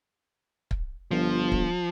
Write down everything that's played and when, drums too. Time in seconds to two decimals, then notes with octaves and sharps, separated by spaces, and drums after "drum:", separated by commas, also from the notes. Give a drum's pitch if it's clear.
0.71 drum: kick
1.11 G1 F3
1.52 drum: kick